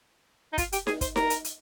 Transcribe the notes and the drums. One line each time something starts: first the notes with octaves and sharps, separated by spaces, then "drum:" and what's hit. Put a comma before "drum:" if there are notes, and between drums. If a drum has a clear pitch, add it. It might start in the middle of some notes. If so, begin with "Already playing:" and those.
D#4
F4, drum: kick, hi-hat
G4, drum: hi-hat
G#4, drum: snare D#4
C5, drum: kick, hi-hat
A#4, drum: snare D#4
drum: hi-hat
drum: hi-hat